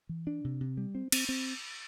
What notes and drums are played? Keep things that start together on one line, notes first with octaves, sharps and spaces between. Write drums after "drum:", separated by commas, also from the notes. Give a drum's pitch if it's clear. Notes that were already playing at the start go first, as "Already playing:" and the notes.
E3
D4
C3
C3
G3
C4
C4, drum: cymbal
C4